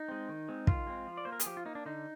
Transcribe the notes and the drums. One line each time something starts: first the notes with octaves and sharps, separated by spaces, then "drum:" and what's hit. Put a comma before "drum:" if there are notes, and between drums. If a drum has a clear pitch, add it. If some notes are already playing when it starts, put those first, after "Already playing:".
Already playing: D#4
G#3 C4
D#3
G#3 C4
D#3 F4, drum: kick
G#3 C4
F3
D5
A#3 C5
A#4
G#4, drum: hi-hat
F3 G4
F4
A#3 D#4
D4
D3 D#4